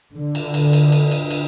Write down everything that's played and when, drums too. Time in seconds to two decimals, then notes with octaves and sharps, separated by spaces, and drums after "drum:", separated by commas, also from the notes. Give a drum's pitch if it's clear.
0.16 D3
0.35 drum: cymbal
0.54 drum: cymbal
0.73 drum: cymbal
0.92 drum: cymbal
1.12 drum: cymbal
1.31 drum: cymbal